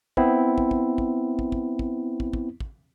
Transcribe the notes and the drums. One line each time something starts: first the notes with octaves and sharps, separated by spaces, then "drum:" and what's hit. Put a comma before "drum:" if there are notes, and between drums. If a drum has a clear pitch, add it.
B3 C4 E4, drum: kick
drum: kick
drum: kick
drum: kick
drum: kick
drum: kick
drum: kick
drum: kick
drum: kick
drum: kick